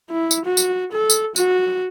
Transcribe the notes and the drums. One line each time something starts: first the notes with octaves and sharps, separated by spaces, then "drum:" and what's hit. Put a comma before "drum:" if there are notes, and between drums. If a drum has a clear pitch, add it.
E4
drum: tambourine
F#4
drum: tambourine
A4
drum: tambourine
F#4, drum: tambourine